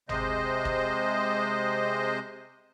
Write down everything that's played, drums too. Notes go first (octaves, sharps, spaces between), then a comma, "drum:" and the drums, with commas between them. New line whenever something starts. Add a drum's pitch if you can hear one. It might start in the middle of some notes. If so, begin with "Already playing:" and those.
C3 G#3 C5 D#5, drum: tom
drum: kick